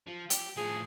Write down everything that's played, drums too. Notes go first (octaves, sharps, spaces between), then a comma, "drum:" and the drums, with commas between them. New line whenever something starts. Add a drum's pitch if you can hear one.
F3
G4, drum: hi-hat
A2 F3 G#4